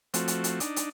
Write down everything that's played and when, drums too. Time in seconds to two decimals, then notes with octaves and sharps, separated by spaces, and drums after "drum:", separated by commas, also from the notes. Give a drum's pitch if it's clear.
0.14 F3 A3 C4 F#4, drum: hi-hat
0.28 drum: hi-hat
0.44 drum: hi-hat
0.60 D4 D#4, drum: hi-hat
0.76 drum: hi-hat